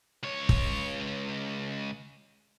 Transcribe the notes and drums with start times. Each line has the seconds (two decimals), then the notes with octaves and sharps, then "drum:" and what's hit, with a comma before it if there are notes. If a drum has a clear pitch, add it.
0.23 C#2 C#5
0.49 drum: kick